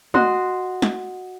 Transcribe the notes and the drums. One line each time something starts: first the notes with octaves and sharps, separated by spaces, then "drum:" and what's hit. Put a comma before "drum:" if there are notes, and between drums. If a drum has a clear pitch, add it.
F#4 D#5 C6, drum: tom
drum: snare